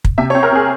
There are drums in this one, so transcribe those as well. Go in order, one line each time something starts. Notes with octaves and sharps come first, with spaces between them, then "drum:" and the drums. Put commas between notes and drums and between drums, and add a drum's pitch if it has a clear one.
drum: kick
C3 E5
C#5
C4
A#4
C4 G#4